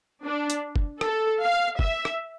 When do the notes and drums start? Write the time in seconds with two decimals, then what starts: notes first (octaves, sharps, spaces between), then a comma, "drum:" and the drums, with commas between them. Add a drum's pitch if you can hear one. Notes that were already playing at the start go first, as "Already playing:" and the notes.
0.24 D4
0.50 drum: hi-hat
0.76 drum: kick
1.01 A4, drum: rim click
1.41 F5
1.79 E5, drum: kick
2.05 drum: rim click